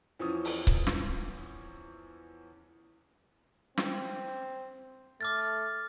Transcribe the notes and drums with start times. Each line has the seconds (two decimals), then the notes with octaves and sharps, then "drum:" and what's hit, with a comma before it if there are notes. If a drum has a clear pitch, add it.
0.19 E2 E3 F3 C#4 D#6
0.45 drum: open hi-hat
0.67 drum: kick C#1
0.87 drum: snare
3.78 C4, drum: snare
5.21 A3 D6 F6 A6